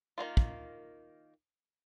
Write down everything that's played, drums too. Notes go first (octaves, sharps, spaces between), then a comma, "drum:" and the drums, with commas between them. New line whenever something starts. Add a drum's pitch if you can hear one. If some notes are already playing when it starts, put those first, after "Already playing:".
D#3 G#3 A#3 F4
drum: kick